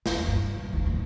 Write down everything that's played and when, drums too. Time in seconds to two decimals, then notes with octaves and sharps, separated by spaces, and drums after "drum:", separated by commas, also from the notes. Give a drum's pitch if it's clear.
0.06 E2 E3, drum: snare
0.28 G2
0.57 A1
0.73 D#2 E3
0.86 D1 G#2